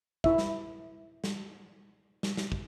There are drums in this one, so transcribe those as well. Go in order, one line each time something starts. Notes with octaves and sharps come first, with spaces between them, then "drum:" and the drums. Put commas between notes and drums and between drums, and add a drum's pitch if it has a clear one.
E4 E5, drum: kick
drum: snare
drum: snare
drum: snare
drum: snare
drum: kick